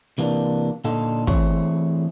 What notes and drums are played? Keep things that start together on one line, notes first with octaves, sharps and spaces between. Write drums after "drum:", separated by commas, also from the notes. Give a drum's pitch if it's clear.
C3 E3 A#3 D4
A#2 D3 D#4 F4 A4
E3 A3 C4 E4 G#4 C#5, drum: kick